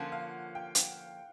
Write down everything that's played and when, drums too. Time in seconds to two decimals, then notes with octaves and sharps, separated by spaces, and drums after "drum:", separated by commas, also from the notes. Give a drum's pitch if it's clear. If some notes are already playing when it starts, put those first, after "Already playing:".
Already playing: D3 F3 A#3 C#4 F4 F#5
0.12 F5
0.55 G5
0.75 drum: hi-hat